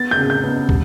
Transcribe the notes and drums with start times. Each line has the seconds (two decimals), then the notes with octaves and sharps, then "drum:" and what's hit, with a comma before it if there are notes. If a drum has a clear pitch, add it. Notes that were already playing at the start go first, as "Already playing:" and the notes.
Already playing: B3 A6
0.11 G6
0.17 C#3
0.30 G6
0.44 B3
0.69 G3, drum: kick